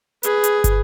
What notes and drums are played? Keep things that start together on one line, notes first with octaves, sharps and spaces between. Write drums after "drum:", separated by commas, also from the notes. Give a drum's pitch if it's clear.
G#4 B4, drum: hi-hat
drum: hi-hat
drum: kick, hi-hat